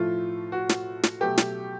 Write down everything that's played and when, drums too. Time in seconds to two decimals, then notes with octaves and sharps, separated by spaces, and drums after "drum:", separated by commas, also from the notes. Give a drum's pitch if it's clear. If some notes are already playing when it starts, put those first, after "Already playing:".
Already playing: A2 F3 A3 F4
0.52 F#4
0.69 drum: snare
1.03 drum: snare
1.21 B2 F#3 A3 G4
1.38 drum: snare